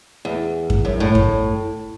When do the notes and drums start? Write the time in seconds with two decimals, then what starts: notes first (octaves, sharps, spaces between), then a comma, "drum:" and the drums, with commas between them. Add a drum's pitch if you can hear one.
0.25 E2
0.70 drum: kick F#2
0.85 F#2
1.00 A2
1.15 drum: kick F#2